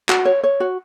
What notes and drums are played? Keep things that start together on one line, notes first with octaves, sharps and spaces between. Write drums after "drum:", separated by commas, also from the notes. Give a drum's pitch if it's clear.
F#4, drum: clap
C#5
C#5
F#4